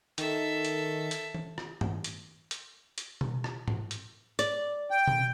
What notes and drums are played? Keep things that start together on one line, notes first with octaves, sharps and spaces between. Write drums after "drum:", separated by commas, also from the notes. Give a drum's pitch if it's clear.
D#3 A4 E5, drum: hi-hat
drum: hi-hat
drum: hi-hat
drum: tom E3
drum: rim click
drum: tom
drum: hi-hat
drum: hi-hat
drum: hi-hat
drum: tom
drum: rim click
drum: tom
drum: hi-hat
D5, drum: hi-hat
G5
drum: tom